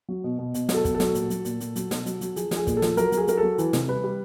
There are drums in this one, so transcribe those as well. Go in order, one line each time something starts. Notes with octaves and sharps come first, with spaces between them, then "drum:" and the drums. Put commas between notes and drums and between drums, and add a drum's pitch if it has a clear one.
F#3
B2
B2
B2, drum: hi-hat
F#3, drum: snare
A4
B2, drum: kick, hi-hat
A4
F#3, drum: snare
A#2, drum: hi-hat
F#3, drum: hi-hat
A#2, drum: hi-hat
A#2, drum: hi-hat
F#3, drum: hi-hat
B2, drum: snare
F#3, drum: hi-hat
F#3, drum: hi-hat
F3 G#4, drum: hi-hat
F3, drum: snare
G#4
A#2, drum: kick, hi-hat
A4
F3, drum: snare
F#3 A#4, drum: hi-hat
F#3, drum: hi-hat
G#4
F#3 A#4, drum: hi-hat
A4
F#3
E3, drum: hi-hat
C3, drum: snare
G3 B4
G3